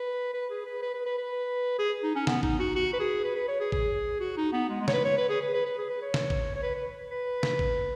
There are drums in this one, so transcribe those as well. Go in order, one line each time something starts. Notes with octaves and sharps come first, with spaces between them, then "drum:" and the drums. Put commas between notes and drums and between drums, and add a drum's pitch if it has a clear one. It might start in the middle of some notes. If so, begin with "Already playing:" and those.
Already playing: B4
B4
G#4
B4
B4
B4
B4
B4
G#4
D#4
C#4
B3, drum: snare
D#4, drum: kick
F#4
F#4
B4
G#4
B4
B4
C#5
G#4
G#4, drum: kick
F#4
D#4
B3
G#3
G#3
C#5, drum: snare
B4
C#5
B4
G#4
B4
B4
B4
G#4
B4
C#5
drum: snare
drum: kick
C#5
B4
B4
B4
drum: snare
drum: kick